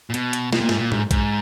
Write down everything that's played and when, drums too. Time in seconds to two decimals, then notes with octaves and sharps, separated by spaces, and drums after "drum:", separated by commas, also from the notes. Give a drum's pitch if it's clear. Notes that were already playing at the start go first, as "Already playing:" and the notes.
0.10 A#2
0.14 B2, drum: hi-hat
0.33 drum: hi-hat
0.52 B2, drum: snare
0.60 A#2
0.69 G#2, drum: snare
0.78 A#2
0.92 G#2, drum: tom A2
1.11 G#2, drum: kick B1, hi-hat